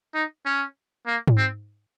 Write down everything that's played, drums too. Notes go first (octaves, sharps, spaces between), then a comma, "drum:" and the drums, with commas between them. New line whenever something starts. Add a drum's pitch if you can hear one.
D#4
C#4
A#3
drum: tom G#2
C4